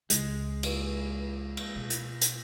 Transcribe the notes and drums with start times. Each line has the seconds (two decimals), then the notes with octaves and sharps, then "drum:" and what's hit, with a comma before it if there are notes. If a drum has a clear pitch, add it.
0.10 C#2 G#3, drum: hi-hat
0.63 drum: cymbal
1.57 drum: cymbal
1.76 B2
1.90 drum: hi-hat
2.21 drum: hi-hat